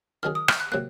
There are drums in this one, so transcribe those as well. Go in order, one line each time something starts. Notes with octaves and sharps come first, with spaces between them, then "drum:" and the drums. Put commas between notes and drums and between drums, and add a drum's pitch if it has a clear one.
D#3 F#3 C#4 G#4 F6
D#6
F6, drum: rim click
F#6
C3 F#3 A#3 F#6